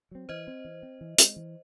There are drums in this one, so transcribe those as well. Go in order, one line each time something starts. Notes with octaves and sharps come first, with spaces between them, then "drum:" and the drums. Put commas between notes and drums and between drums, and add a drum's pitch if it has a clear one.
F#3 C4
E3 C5 D#5
C4
E3
C4
E3
G#3 C4, drum: hi-hat
E3